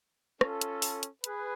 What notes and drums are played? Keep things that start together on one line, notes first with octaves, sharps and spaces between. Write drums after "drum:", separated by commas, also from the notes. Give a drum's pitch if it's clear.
C#4 F4 A4, drum: rim click
drum: hi-hat
drum: open hi-hat
drum: hi-hat
G#4 B4, drum: hi-hat